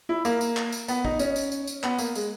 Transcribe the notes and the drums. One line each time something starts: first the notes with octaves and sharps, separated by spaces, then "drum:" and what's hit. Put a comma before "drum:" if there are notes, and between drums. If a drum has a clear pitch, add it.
E4
A#3, drum: tambourine
drum: tambourine
drum: clap
drum: tambourine
B3, drum: tambourine
D#4, drum: kick
C#4, drum: tambourine
drum: tambourine
drum: tambourine
drum: tambourine
B3, drum: clap
A#3, drum: tambourine
G#3, drum: tambourine